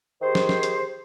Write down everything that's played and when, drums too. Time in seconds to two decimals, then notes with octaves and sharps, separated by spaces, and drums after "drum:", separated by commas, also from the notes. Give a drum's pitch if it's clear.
0.21 D#3 G4 G#4 C5
0.35 drum: snare
0.49 drum: snare
0.63 drum: hi-hat